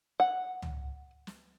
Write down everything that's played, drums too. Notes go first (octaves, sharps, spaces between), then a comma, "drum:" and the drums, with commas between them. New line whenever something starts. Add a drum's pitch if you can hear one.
F#5
drum: tom C#2
drum: snare